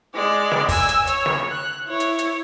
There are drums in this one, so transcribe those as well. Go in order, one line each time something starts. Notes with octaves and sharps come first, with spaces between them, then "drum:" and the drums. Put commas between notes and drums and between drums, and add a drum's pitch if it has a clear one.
G#3 D5
drum: snare
G#5 E6, drum: kick, open hi-hat
drum: hi-hat
C#5, drum: hi-hat
drum: snare
F#6
E4 C#5
drum: hi-hat
drum: hi-hat